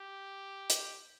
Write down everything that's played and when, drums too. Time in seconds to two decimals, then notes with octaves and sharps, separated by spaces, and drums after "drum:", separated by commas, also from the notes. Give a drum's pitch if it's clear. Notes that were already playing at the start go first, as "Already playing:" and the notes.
Already playing: G4
0.70 drum: hi-hat